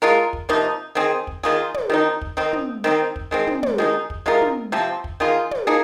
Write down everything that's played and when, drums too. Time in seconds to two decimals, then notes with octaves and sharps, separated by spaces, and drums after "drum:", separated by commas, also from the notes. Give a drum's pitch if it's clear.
0.02 G#3 F4 A#4
0.33 drum: kick
0.49 C3 F3 A#3 D#4
0.95 D#3 C4 G#4
1.27 drum: kick
1.43 D#3 A#3 F4 G#4
1.74 drum: tom
1.90 D#3 C4 D#4
2.21 drum: kick
2.37 D#3 C4 D#4
2.53 drum: tom
2.84 D#3 C4 D#4
3.16 drum: kick
3.31 D#3 G#3 C4
3.47 drum: tom
3.63 drum: tom
3.78 D#3 G#3 D#4
4.10 drum: kick
4.26 C3 G#3 F4 A#4
4.41 drum: tom
4.72 C3 F3 C4
5.04 drum: kick
5.20 D#3 A#3 F4 G#4
5.51 drum: tom
5.67 A#3 D#4 G#4